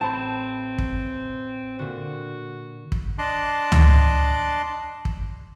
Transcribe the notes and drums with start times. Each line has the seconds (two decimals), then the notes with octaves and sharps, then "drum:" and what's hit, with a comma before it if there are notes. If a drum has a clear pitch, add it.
0.01 A1 C4 C5 A5 B5 G6
0.78 drum: kick
1.79 A#2 D3 F#4
2.92 drum: kick
3.18 D4 D#5 A5 C6 D6 F#6
3.72 drum: tom C#2
5.05 drum: kick